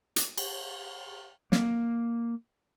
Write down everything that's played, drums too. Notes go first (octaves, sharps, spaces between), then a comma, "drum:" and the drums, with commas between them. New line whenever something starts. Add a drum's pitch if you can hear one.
drum: hi-hat
drum: cymbal
A#3, drum: snare